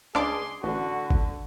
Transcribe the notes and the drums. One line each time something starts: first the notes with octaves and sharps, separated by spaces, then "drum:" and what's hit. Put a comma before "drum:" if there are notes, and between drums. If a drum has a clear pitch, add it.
C#2 D4 G#4 C6 D6, drum: rim click
A1 D3 F#4
drum: kick G#1